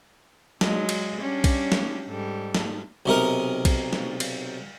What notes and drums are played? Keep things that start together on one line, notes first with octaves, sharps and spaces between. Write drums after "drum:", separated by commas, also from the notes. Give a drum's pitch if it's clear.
F#3 G#3, drum: snare
drum: cymbal
G3 C#4 D4
drum: kick B1, cymbal
drum: snare
G#2 G3 A4
drum: snare
B1 C3 D#4 A#4
drum: kick B1, cymbal
drum: snare
drum: cymbal